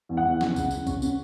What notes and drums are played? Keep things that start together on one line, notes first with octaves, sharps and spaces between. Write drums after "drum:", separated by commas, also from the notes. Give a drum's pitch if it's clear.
E2
F#5
E2
C#3, drum: snare
C#3, drum: kick, tambourine
C#3, drum: tambourine
C#4, drum: kick, tambourine
C#4, drum: tambourine